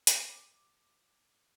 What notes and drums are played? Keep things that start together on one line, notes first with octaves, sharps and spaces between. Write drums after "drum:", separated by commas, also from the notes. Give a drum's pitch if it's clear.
D6, drum: hi-hat